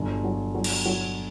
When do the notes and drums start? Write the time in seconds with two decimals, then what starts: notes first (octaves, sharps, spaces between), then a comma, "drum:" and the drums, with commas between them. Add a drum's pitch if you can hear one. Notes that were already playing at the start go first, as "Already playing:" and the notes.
Already playing: G1 F#3
0.24 F#3
0.55 F#3
0.64 drum: cymbal
0.86 F#3